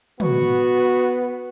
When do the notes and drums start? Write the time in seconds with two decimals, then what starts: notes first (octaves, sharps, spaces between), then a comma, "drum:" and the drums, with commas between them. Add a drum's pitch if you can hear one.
0.20 B3 F#4, drum: tom